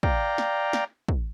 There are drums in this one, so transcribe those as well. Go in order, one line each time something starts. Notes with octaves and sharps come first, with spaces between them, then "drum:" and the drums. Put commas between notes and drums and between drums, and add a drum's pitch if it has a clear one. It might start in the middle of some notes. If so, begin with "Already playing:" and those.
D5 F5 G5 A#5, drum: kick
drum: snare
drum: snare
drum: kick